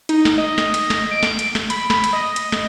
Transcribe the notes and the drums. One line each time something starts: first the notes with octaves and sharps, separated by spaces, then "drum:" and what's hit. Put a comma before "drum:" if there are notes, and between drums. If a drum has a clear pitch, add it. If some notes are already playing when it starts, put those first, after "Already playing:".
D#4, drum: hi-hat
drum: snare
D#5
drum: snare
drum: hi-hat
drum: snare
D7
drum: snare
drum: hi-hat
drum: snare
B5, drum: hi-hat
B5, drum: snare
drum: hi-hat
D#5
drum: hi-hat
drum: snare